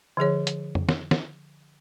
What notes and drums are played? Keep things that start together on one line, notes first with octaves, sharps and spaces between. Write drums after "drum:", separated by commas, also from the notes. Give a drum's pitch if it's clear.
D3 F3 G#4 C#5
drum: hi-hat
drum: tom F2
drum: snare
drum: snare